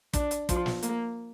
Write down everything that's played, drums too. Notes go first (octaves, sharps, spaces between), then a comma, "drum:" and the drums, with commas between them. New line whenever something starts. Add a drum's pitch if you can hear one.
D4, drum: kick, hi-hat
drum: hi-hat
F3, drum: kick, hi-hat
drum: snare
A#3, drum: hi-hat